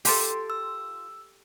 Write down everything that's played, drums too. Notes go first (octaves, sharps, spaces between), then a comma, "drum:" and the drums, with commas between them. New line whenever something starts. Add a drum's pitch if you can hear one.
F4 G4 A4 C6 D6, drum: open hi-hat
E6